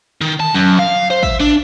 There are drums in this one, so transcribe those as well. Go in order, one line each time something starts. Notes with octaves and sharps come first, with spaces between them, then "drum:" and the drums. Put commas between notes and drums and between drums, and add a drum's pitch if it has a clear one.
D#3
A5
F#2
F5
C5
E5, drum: kick
D4